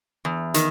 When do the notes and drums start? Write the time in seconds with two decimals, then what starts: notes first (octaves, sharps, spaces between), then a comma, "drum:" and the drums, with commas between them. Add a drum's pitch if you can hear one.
0.25 E2
0.54 D#3, drum: hi-hat